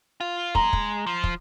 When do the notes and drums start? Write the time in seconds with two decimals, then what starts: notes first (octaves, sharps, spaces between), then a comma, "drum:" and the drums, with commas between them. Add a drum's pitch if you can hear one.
0.21 F4
0.55 G#3 A#5, drum: kick
0.73 drum: kick
1.07 F3
1.24 drum: kick